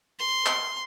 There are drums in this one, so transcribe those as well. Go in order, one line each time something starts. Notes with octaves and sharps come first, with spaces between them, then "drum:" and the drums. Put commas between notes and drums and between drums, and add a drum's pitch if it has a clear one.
C6
drum: clap